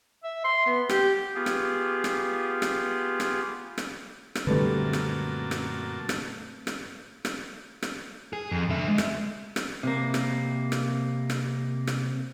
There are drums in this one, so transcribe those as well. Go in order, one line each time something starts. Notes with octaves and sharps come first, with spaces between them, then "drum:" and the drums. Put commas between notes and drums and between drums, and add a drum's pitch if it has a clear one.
E5
C6
B3
G4, drum: rim click
B3 F4 G4 G#4
drum: rim click
drum: rim click
drum: rim click
drum: rim click
drum: rim click
drum: rim click
F#2 A#2 D3 G3 A3 C4 B4 A5
drum: rim click
drum: rim click
drum: rim click
drum: rim click
drum: rim click
drum: rim click
G#4
F2
D3 E5
G#3
drum: rim click
drum: rim click
C3 A#3
drum: rim click
drum: rim click
drum: rim click
drum: rim click